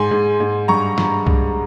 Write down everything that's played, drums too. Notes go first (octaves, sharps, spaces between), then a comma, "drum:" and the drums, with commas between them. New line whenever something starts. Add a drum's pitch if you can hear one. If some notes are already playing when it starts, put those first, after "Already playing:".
Already playing: G#2 G#5 C6
G#2
G#2
G2 A#5 C#6
G2, drum: snare
G2, drum: kick C2